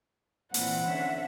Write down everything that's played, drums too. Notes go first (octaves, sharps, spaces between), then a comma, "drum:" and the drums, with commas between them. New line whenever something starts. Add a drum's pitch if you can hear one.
A#2 E3 C4 F#5, drum: open hi-hat
D3 C#4 E5